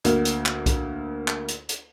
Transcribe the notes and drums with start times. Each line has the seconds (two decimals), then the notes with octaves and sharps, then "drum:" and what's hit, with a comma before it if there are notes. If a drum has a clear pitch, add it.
0.05 D2 A#3, drum: hi-hat
0.25 drum: hi-hat
0.46 drum: clap
0.66 drum: kick B1, hi-hat
1.28 drum: clap
1.48 drum: hi-hat
1.69 drum: hi-hat